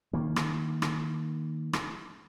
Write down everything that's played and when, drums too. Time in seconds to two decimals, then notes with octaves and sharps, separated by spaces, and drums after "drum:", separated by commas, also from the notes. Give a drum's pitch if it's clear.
0.13 D#3 A#3
0.36 drum: rim click
0.82 drum: rim click
1.73 drum: rim click